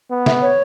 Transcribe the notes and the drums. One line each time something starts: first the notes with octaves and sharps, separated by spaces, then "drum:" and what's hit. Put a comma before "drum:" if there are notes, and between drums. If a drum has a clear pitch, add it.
B3
E5, drum: snare
C#5